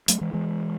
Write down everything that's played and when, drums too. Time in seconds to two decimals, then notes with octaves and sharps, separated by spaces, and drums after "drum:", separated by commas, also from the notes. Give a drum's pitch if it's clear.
0.08 F#3 A3, drum: hi-hat
0.21 E3 G#3
0.33 E3 G#3